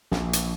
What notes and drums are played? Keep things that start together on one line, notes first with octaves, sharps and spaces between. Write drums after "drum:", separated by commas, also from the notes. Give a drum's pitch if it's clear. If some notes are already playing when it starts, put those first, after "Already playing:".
A#1, drum: snare
drum: hi-hat